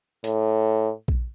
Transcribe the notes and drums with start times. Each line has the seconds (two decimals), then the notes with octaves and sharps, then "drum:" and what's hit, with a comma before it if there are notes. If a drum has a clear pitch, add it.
0.24 A2, drum: hi-hat
1.08 drum: kick A#1